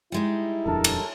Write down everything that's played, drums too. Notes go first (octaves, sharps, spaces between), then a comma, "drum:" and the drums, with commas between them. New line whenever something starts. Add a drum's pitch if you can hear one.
G3 G#3 D#4 E4
D#1 F2 D4 A4 A#4 A5
drum: cymbal